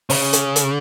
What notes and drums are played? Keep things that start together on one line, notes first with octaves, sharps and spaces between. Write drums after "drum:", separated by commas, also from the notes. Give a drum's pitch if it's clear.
C#3, drum: open hi-hat
drum: hi-hat
drum: hi-hat